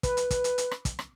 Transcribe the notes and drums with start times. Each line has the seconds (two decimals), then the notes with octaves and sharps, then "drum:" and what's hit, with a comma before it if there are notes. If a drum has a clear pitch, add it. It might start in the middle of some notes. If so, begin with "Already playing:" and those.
0.03 B4, drum: kick, hi-hat
0.17 drum: hi-hat
0.31 drum: kick, hi-hat
0.44 drum: hi-hat
0.58 drum: hi-hat
0.71 drum: rim click
0.85 drum: kick, hi-hat
0.99 drum: rim click